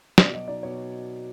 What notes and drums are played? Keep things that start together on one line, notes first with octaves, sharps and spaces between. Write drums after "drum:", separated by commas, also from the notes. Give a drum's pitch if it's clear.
B2 D5, drum: snare
F#3 D#5
D#4 D5
B2 C#5